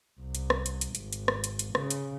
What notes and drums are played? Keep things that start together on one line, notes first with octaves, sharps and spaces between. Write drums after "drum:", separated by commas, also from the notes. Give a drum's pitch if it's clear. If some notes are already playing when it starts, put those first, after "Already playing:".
C2
drum: hi-hat
drum: rim click
drum: hi-hat
drum: hi-hat
G#1, drum: hi-hat
drum: hi-hat
drum: rim click
drum: hi-hat
drum: hi-hat
C#3, drum: rim click
drum: hi-hat